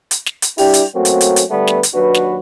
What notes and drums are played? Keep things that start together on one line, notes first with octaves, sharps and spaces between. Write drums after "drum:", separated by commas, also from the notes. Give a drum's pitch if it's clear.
drum: hi-hat
drum: snare
drum: hi-hat
G3 D4 E4 G4, drum: open hi-hat
drum: hi-hat
F#3 A3 A#3 C4 C#4 F#4
drum: hi-hat
drum: hi-hat
drum: hi-hat
D3 G3 A3 B3
drum: snare
drum: hi-hat
D#2 F#3 D4 F#4 B4
drum: snare